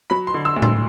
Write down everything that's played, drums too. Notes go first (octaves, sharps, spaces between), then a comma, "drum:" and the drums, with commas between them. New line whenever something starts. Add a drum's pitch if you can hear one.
F#3 B5
C6
D3
E6
D2
C6, drum: tom A2